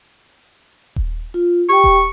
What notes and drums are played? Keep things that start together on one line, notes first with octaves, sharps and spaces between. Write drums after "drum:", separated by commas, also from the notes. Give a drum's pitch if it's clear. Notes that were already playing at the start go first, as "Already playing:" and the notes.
drum: kick D#1
F4
G4 G5 C#6
drum: kick D#1